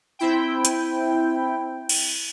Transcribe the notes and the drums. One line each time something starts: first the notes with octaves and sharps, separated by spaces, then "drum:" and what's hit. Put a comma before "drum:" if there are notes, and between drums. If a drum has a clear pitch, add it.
C4 E4 G5
drum: hi-hat
drum: cymbal